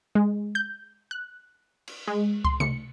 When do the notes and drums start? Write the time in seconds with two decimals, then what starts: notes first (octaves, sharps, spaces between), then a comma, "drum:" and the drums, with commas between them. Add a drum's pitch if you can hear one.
0.15 G#3
0.55 G6
1.11 F#6
1.87 drum: cymbal
2.08 G#3
2.45 C6, drum: kick C#2
2.60 C#7, drum: tom C3